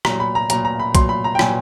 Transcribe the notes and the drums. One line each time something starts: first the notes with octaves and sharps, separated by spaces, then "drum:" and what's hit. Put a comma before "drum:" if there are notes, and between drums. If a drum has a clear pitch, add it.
A#2 F#3 A#5, drum: rim click
B5
A#5
A#2 F#3 A#5, drum: hi-hat
A#5
B5
A#2 F#3 C6, drum: kick, hi-hat
B5
A#5
G5
A#2 F#3 G#5, drum: rim click